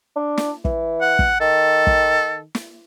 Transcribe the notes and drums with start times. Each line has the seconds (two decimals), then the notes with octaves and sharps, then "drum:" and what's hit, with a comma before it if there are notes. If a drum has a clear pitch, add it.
0.16 D4
0.37 drum: snare
0.65 E3, drum: kick
1.01 F#5
1.19 drum: kick
1.41 D#3 A4
1.87 drum: kick
2.55 drum: snare